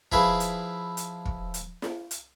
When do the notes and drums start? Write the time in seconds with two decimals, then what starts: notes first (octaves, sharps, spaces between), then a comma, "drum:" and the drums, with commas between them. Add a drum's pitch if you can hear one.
0.12 F3 E4 G#4 B4, drum: kick
0.40 drum: hi-hat
0.97 drum: hi-hat
1.25 drum: kick
1.54 drum: hi-hat
1.82 drum: snare
2.11 drum: hi-hat